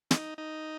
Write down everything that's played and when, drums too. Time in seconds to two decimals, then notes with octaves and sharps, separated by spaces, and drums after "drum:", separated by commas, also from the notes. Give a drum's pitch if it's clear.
0.11 D#4, drum: snare
0.38 D#4